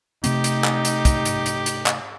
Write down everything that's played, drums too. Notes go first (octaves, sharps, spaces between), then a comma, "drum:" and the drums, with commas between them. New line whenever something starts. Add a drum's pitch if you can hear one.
C3 A3 C4 D#4 G4, drum: hi-hat
drum: hi-hat
drum: clap
drum: hi-hat
drum: kick, hi-hat
drum: hi-hat
drum: hi-hat
drum: hi-hat
drum: clap